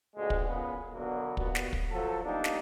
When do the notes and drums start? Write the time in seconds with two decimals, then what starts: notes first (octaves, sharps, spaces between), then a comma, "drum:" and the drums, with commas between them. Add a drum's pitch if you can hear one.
0.16 D2 A#2 G#3
0.30 drum: kick
0.47 A#2 C#3 B3
0.93 B2 D3 F#3 A#3 B3
1.37 D#2 A#2 B3 F#4, drum: kick
1.55 drum: snare
1.73 drum: kick
1.90 F3 F#3 A4
2.23 G3 A#3 B3 D4 D#4
2.44 drum: snare